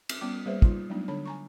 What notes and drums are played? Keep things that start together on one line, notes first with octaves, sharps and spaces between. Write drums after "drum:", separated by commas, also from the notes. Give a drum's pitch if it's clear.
drum: cymbal
G3 B3 C#4 D6
G3 A#3 G#4 B4 C5 E5
G3 D#4 F4, drum: kick
F#3 G3 A3 B3 D4 D#4
D3 D4 C#5 B5
G#5 A#5 C#6